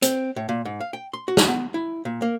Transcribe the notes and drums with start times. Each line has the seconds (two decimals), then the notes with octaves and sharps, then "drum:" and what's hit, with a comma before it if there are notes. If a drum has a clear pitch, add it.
0.02 C4, drum: hi-hat
0.36 A2
0.49 A#2
0.65 G#2
0.80 F5
0.93 G5
1.13 C6
1.28 F#4
1.37 drum: snare
1.48 B3
1.74 E4
2.05 A#2
2.22 A#3